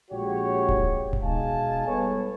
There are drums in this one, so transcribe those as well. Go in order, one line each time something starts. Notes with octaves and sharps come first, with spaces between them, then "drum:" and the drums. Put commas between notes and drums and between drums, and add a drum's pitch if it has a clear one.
A#1 G#3 F#4 G4 C#5
drum: kick D1
drum: kick D1
B2 G#3 D#4 F5 G#5 A5
G3 B3 A4 B4 C#5